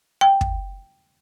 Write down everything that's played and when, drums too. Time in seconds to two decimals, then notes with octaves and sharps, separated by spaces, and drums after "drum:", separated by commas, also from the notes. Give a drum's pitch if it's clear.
0.21 G5
0.41 drum: kick